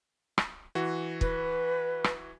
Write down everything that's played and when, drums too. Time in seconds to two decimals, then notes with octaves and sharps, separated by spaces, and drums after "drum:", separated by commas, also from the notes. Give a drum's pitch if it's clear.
0.38 drum: rim click
0.75 E3 F#4
1.21 B4, drum: kick
2.04 drum: rim click